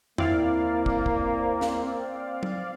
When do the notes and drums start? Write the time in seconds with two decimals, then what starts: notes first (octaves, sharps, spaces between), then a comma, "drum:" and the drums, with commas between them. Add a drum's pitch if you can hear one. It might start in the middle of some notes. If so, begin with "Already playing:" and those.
0.18 D#2 A#3 C4 E4 D5 F5, drum: tom
0.86 drum: kick
1.06 drum: kick
1.61 drum: snare
2.43 drum: tom